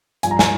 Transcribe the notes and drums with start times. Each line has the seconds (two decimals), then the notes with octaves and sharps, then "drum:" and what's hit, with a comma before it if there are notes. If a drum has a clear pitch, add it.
0.23 G2 F3 G#5, drum: hi-hat
0.31 A#5
0.39 G#5, drum: snare